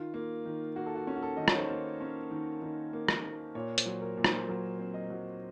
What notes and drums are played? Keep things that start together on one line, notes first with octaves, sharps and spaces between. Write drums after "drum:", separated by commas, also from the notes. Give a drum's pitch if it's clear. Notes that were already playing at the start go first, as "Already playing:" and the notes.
Already playing: D#3 F4
A#3
D#3
A#3 F#4
A4
F#4
C#4
F#4
A4
D#3 D#5
C#5, drum: rim click
C5
A#3 A#4
C#4
D#3
D#3
A#3
drum: rim click
A#3
A#2 C#5
C5, drum: hi-hat
F#3
A#4
A#2
C5, drum: rim click
F#3 A#4
C4
D#5
F#3